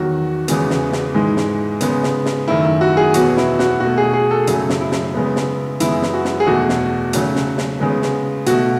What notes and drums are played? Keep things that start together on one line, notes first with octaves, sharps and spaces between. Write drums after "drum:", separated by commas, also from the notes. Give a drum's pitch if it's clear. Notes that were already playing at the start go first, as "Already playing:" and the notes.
Already playing: E2 D#3 F#3 F#4
E2 C#3 E3 G#3 B3, drum: hi-hat
drum: snare
drum: snare
G#2 E3 G#3
drum: snare
C#3 G#3 B3, drum: hi-hat
drum: snare
drum: snare
F#2 D#3 A3 E4
E4
F#4
G#4
E2 B2 F#3 B3 F#4, drum: hi-hat
E4, drum: snare
F#4, drum: snare
B2 A3 F#4
G#4
G#4
A4
F#2 C#3 F#3 A3, drum: hi-hat
drum: snare
E4
drum: snare
C#3 G#3 B3
drum: snare
F#2 E3 G#3 B3 E4, drum: hi-hat
drum: snare
F#4
drum: snare
G#4
E2 B2 A3 F#4
drum: snare
C#3 F#3 A3, drum: hi-hat
drum: snare
drum: snare
C#3 G#3 B3
drum: snare
B2 A3 F#4, drum: hi-hat